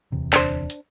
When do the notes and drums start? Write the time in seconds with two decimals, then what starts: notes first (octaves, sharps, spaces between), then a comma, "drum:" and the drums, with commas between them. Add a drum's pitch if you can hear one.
0.12 D1 E2 C3
0.33 D4 C5, drum: clap
0.70 drum: hi-hat